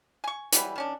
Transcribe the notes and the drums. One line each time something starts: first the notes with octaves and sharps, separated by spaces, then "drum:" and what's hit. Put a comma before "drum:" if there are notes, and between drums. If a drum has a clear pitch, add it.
G#5 C#6
E3 F#3 G3, drum: hi-hat
D#3 C#4 D4